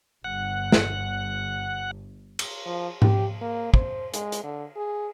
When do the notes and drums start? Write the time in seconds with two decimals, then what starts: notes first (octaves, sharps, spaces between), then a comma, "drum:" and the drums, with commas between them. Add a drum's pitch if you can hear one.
0.24 G1 F#5
0.72 drum: snare
2.39 drum: cymbal
2.66 F3
3.02 G4, drum: tom G#2
3.41 A#3
3.74 C5, drum: kick
4.14 G#3, drum: hi-hat
4.32 drum: hi-hat
4.44 D3
4.76 G#4